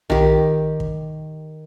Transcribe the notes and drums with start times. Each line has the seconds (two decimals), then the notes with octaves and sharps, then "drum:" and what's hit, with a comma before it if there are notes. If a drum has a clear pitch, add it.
0.10 D#3 G4, drum: tom B1
0.80 drum: kick